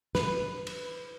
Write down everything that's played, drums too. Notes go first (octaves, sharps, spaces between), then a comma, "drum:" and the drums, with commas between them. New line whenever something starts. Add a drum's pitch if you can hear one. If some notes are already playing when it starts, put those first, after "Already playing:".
B4, drum: snare
drum: cymbal